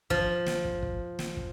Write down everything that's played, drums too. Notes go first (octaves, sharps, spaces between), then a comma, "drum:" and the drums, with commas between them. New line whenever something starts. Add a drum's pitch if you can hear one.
F3, drum: kick
drum: snare
drum: kick
drum: kick
drum: snare
drum: kick